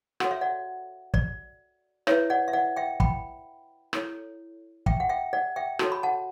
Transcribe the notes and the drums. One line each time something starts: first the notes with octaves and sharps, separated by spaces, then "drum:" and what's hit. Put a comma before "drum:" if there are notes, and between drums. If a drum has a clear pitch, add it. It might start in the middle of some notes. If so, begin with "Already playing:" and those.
F#4 A4 C#5 F#5, drum: rim click
E5
D5 F#5
D5, drum: kick
E4 B4 C#5 E5, drum: rim click
D5 F#5
E5
D5 F#5
E5 G5
G5 B5, drum: kick
E4 A4 C#5, drum: rim click
E5 G5, drum: kick
F#5
E5 G5
D5 F#5
E5 G5
F#4 A4 C#5 A5, drum: rim click
B5
F#5 A5